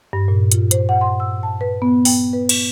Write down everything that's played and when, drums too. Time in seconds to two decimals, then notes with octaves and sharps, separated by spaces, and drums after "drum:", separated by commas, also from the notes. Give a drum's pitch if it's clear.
0.13 G2
0.28 A#2
0.52 F4, drum: hi-hat
0.71 C5, drum: hi-hat
0.89 F#5
1.01 C6
1.20 E6
1.43 A5
1.61 B4
1.82 B3
2.05 G5, drum: open hi-hat
2.33 B4
2.49 drum: cymbal